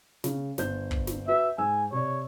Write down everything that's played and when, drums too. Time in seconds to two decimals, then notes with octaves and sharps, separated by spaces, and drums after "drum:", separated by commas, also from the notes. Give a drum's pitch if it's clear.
0.24 C#3, drum: snare
0.58 G1 C5 G6, drum: snare
0.91 drum: kick
1.07 drum: snare
1.28 F#4 B4 E5
1.58 G#2 G#5 E6
1.92 C3 C#5 D5